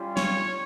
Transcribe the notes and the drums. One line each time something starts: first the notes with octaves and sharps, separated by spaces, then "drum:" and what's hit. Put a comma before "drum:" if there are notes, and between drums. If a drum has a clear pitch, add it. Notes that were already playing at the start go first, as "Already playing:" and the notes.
Already playing: G3 C#4 F4
C#5, drum: snare